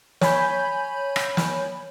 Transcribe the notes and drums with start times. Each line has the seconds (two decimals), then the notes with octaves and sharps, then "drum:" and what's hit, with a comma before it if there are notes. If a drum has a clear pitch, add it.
0.21 C#5 G#5 B5 G6, drum: snare
1.16 drum: rim click
1.37 drum: snare